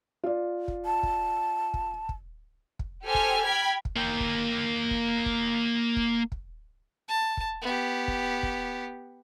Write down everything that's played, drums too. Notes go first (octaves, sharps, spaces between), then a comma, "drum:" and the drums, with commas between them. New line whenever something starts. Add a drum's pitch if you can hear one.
F4 D5
drum: kick
A5
drum: kick
drum: kick
drum: kick
drum: kick
G4 A4 C5 G#5 F6
drum: kick
G5 B5 F6 G#6
drum: kick
A#3 G5
drum: kick
drum: kick
drum: kick
drum: kick
drum: kick
A5
drum: kick
B3 G4
drum: kick
drum: kick